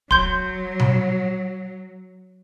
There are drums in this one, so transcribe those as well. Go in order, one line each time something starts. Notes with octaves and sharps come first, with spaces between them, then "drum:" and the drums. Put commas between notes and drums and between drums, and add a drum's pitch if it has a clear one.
F#3 C6 G6, drum: kick
drum: tom B2